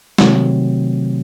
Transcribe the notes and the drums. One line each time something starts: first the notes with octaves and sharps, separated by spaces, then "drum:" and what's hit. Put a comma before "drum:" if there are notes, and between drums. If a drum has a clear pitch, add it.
C3 D#3 F#3 A3 C4, drum: snare